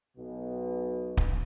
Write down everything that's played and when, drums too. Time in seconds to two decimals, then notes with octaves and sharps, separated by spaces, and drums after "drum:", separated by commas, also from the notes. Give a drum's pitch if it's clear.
0.17 B1 B2
1.17 drum: kick